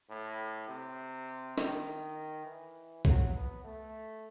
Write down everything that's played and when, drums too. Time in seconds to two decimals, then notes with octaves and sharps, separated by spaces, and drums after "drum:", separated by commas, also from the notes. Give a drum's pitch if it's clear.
0.09 A2
0.68 C3
1.58 D#3, drum: snare
2.45 E3
3.05 F#3, drum: kick B1
3.35 B3
3.64 A3